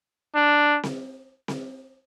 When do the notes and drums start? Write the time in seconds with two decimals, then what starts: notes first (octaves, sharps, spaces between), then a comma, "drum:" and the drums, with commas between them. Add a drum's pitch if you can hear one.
0.35 D4
0.83 drum: snare C4
1.48 drum: snare C4